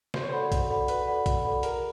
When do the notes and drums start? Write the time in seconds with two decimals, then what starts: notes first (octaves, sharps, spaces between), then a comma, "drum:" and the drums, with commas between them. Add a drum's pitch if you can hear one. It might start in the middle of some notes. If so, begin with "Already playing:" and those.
0.14 F#4 C5, drum: snare
0.22 C#5
0.29 A4 C5 D5 F#5 B5
0.52 F#4, drum: kick, hi-hat
0.70 A4 D5 F#5 B5
0.88 F#4 B4, drum: hi-hat
1.07 A4 D5 F#5 B5
1.26 F#4, drum: kick, hi-hat
1.45 A4 D5 F#5 B5
1.63 G#4 A#4, drum: hi-hat